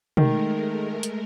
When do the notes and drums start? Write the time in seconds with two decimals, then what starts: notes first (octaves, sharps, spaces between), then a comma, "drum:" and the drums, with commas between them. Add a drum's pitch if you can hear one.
0.17 D#3 G#3 A3 A#4, drum: tom
1.03 drum: hi-hat